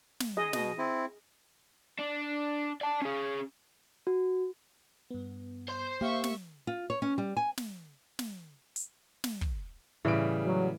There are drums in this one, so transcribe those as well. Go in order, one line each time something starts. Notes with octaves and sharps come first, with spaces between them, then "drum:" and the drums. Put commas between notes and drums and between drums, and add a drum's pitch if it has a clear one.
drum: snare
G#4 D#5
B2 D#5, drum: snare
C4 E4
D4
D5 A5
C#4 G#4
F#4
G2 B3
C5 C6
A#3 G4 E5 F5 C#6
drum: snare
F4
C#5
C#4
G3
G#5
drum: snare
drum: snare
drum: hi-hat
drum: snare
drum: kick
A2 C#3 E3 G3 D7
F#3